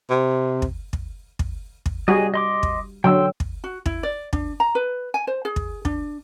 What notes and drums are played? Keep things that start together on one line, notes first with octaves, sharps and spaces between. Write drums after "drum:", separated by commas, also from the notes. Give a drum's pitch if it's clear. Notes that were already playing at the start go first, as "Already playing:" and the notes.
C3
drum: kick
drum: kick
drum: kick
drum: kick
G3 F#4 G#4 D#5
D#5 C6 D6
drum: kick
D3 F#3 G5 C6 E6
drum: kick
F#4
E4, drum: kick
D5
D4, drum: kick
A#5
B4
G#5
C5
G#4
drum: kick
D4, drum: kick